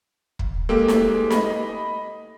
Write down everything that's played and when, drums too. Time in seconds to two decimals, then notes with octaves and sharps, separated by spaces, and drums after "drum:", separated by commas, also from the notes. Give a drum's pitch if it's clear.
0.39 drum: kick
0.69 G#3 A#3 G4 A4
0.88 A4, drum: snare
1.30 D#5 B5, drum: snare